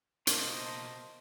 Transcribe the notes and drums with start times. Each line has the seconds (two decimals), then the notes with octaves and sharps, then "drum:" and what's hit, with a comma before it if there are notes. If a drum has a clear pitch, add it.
0.27 B2 A#3 C5 D#5 F5 A5, drum: hi-hat